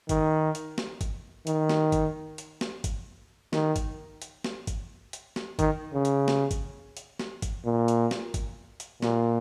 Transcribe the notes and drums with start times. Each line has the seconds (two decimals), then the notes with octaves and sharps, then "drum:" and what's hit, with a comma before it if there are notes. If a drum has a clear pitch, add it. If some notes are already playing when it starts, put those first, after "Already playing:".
0.09 D#3, drum: kick, hi-hat
0.55 drum: hi-hat
0.78 drum: snare
1.01 drum: kick, hi-hat
1.47 D#3, drum: hi-hat
1.69 drum: snare
1.92 drum: kick, hi-hat
2.38 drum: hi-hat
2.61 drum: snare
2.84 drum: kick, hi-hat
3.53 D#3, drum: snare
3.76 drum: kick, hi-hat
4.22 drum: hi-hat
4.44 drum: snare
4.67 drum: kick, hi-hat
5.13 drum: hi-hat
5.36 drum: snare
5.59 D#3, drum: kick, hi-hat
5.94 C#3
6.05 drum: hi-hat
6.28 drum: snare
6.51 drum: kick, hi-hat
6.97 drum: hi-hat
7.19 drum: snare
7.42 drum: kick, hi-hat
7.65 A#2
7.88 drum: hi-hat
8.11 drum: snare
8.34 drum: kick, hi-hat
8.80 drum: hi-hat
9.02 A#2, drum: snare